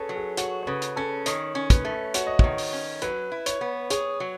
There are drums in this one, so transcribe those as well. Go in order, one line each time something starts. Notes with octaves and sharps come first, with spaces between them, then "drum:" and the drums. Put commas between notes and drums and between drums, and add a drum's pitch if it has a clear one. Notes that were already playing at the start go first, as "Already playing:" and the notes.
Already playing: C#4 G#4 A4 B4 C#5
F#3
G#4
F#4 C#5, drum: hi-hat
C#5
C#3 B4
drum: hi-hat
C#4 A4
D#3 C#5, drum: hi-hat
C#4
B4, drum: kick, hi-hat
A3
F#4 C#5, drum: hi-hat
D#5
D#3 C#5, drum: kick
drum: open hi-hat
C#4
F#3 B4, drum: hi-hat
E4
C#5, drum: hi-hat
B3
G#4 C#5, drum: hi-hat
F#3